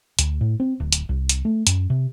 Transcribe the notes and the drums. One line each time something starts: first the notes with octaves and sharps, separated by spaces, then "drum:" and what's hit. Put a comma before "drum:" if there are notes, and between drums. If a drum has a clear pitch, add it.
D2, drum: hi-hat
A2
C4
D1
drum: hi-hat
C2
drum: hi-hat
A3
F#2, drum: hi-hat
C3